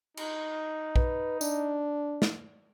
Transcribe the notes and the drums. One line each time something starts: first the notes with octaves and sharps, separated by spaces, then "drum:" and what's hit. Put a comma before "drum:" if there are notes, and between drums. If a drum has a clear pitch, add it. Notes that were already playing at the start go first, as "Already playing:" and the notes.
D#4, drum: cymbal
B4, drum: kick
D4, drum: tambourine
drum: snare